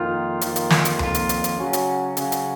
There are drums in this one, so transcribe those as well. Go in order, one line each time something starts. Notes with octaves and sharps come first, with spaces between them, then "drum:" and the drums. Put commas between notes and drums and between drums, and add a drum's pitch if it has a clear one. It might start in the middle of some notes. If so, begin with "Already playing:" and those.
Already playing: F2 D#3 A#3 F4
F2 D#3 A#3 F4, drum: hi-hat
drum: hi-hat
drum: snare
drum: hi-hat
F2 D#3 A#3 F4, drum: tom C#2
drum: hi-hat
drum: hi-hat
drum: hi-hat
C#3 F#3 C#4 F#4
drum: hi-hat
C#3 F#3 C#4 F#4, drum: hi-hat
drum: hi-hat